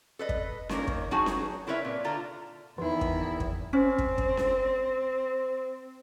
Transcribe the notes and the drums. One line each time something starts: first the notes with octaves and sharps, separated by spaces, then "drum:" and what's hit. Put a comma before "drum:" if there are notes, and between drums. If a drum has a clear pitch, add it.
A4 B4 D#5
drum: kick
D#3 A#3 C#4 A#4, drum: snare C#4
drum: kick
F#3 D#4 F#4 G#4 G#5 A5
drum: snare C#4
C4 E4 A#4 B4 C#5 E5
A#2
D3 F4 A4 A#5
E2 D#3 E3 D#4 E4
drum: kick
drum: kick
C4 C#4
drum: kick
drum: kick
drum: snare C#4